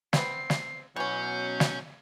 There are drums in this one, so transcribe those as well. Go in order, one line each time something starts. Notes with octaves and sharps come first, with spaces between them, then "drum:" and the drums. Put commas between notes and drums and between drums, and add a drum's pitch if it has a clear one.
B3 C4 C7, drum: snare
drum: snare
B2 E3 F#3 C#4 C#5 G#5 G6
drum: snare